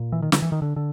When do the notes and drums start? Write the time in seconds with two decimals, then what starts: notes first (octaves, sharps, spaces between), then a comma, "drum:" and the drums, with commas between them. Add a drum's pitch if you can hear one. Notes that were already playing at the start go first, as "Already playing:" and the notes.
Already playing: A#2
0.12 E3
0.22 D#3
0.32 D3, drum: snare
0.42 E3
0.52 D#3
0.62 D3
0.76 D3